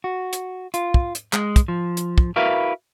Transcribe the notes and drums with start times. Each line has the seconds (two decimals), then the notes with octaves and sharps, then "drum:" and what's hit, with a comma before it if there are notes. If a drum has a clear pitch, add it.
0.04 F#4
0.33 drum: hi-hat
0.74 F4, drum: hi-hat
0.94 drum: kick
1.15 drum: hi-hat
1.33 G#3, drum: clap
1.56 drum: kick, hi-hat
1.68 F3
1.97 drum: hi-hat
2.18 drum: kick
2.36 E4 F#4 A#4 B4 E5 F5